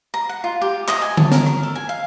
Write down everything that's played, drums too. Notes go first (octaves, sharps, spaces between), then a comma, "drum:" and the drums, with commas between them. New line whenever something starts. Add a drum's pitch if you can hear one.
A#5
F#5
F4
G4
D#5, drum: clap
G#5
A5, drum: tom D3
A#4, drum: snare
drum: rim click
A4
G#5
F5